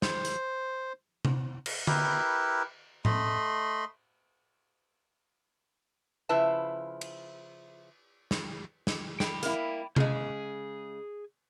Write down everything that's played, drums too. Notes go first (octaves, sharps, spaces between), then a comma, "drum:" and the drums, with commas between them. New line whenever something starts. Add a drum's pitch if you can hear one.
C5, drum: snare
drum: hi-hat
drum: tom C3
drum: cymbal
E4 G4 A#4 B4, drum: tom D3
A3 D#5 B5 C6, drum: tom A2
C#3 F3 E4 B4 E5 A5
drum: cymbal
drum: snare
drum: snare
G5 B5, drum: snare
A#3 E4, drum: hi-hat
C#3 G#3 G#4, drum: tom C3